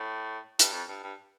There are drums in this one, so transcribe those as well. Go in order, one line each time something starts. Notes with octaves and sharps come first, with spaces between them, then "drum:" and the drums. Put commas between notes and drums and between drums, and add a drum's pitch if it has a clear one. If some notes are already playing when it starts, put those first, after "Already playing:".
Already playing: A2
G2, drum: hi-hat
F2
G2
G2